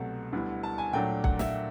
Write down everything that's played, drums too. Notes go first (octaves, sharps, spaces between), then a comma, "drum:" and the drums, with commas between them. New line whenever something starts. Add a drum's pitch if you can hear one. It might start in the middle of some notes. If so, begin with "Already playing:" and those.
Already playing: C2 B2 F#3 A3
D2 D3 G3 B3 E4
A5
G#5
A#2 F#3 A3 D4 G5
F#5, drum: kick
E5, drum: snare